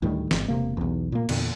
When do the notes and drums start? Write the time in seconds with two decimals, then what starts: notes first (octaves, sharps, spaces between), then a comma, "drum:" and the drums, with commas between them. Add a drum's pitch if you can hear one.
0.02 D2 A2 D#3 G3
0.31 G1, drum: snare
0.48 E1 C3 A#3
0.77 B1 E2
1.12 A#2 A#3
1.29 E2 A#2 D3, drum: cymbal